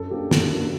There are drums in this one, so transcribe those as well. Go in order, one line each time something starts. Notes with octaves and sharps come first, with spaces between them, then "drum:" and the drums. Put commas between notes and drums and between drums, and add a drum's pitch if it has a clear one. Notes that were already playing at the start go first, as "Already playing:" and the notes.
Already playing: F#2 A4
F#3 A#3 D4 G4
F#2 G4, drum: snare
F#3 A#3 D4